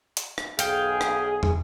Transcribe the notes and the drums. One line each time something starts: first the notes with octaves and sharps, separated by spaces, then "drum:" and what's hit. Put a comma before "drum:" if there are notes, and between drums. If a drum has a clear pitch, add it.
drum: hi-hat
drum: rim click
B1 G#4 F5 G5, drum: hi-hat
drum: rim click
drum: tom